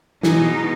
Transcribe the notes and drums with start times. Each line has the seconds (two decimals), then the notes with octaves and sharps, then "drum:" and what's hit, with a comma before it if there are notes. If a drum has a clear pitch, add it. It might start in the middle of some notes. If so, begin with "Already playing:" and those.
0.23 B2 E3 G#3 D#4, drum: snare